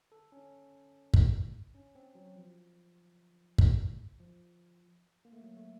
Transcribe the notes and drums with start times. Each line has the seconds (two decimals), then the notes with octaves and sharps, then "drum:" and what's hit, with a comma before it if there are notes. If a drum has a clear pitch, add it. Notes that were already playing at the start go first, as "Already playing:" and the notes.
0.12 A4
0.32 C#4
1.14 drum: kick
1.75 C#4
1.95 C4
2.15 F#3
2.36 F3
3.59 drum: kick
4.20 F3
5.25 A#3
5.33 A3
5.42 F#3
5.57 A3